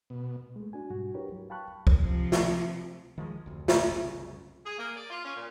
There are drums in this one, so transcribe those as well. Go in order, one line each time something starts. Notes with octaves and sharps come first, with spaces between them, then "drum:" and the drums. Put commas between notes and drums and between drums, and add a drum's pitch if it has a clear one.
B2
G#3 A3
D4 F#4 G#5
G#2 B2 F#3 G3 F#4
D4 E4 G4 A#4 B4 C#5
F#3
F5 G5 A5 B5 C#6 F#6
drum: kick
C3 F3
drum: snare
D#3 F3 G#3
F1 D2
drum: snare
C2 F#2 C#3
G#4
A#3
D5
F4
C#4
A#2